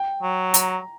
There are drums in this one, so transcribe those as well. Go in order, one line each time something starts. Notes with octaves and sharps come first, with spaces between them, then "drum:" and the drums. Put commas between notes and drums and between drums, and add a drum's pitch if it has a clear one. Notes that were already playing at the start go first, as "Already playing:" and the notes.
Already playing: G5
F#3
A#5, drum: hi-hat